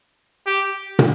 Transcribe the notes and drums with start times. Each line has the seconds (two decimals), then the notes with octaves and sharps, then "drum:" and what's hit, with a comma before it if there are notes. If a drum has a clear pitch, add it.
0.46 G4
0.99 drum: tom